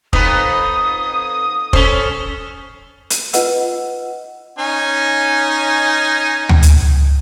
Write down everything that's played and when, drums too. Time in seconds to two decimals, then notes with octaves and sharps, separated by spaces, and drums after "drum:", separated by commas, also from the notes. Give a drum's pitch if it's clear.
0.13 F2 B3 D#4 D#6, drum: kick
1.73 C#4 A4 C5, drum: kick
3.10 drum: hi-hat
3.33 D#4 F4 B4 D#5 F#5 E6, drum: hi-hat
4.59 C#4 D#4 G#5
6.49 drum: tom D2
6.63 drum: hi-hat